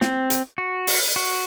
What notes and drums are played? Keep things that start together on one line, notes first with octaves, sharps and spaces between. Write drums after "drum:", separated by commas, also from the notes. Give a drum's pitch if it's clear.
C4, drum: snare
drum: hi-hat
F#4
drum: open hi-hat
F#4